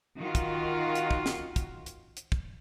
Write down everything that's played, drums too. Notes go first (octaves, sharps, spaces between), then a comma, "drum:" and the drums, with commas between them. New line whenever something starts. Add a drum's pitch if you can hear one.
D#3 F4 F#4
drum: kick, hi-hat
drum: hi-hat
drum: kick
drum: snare
drum: kick, hi-hat
drum: hi-hat
drum: hi-hat
drum: kick